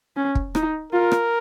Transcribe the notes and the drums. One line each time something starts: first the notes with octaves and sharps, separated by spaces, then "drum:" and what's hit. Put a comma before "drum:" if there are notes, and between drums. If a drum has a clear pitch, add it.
C#4
drum: kick
D#4, drum: rim click
F4 A#4
drum: rim click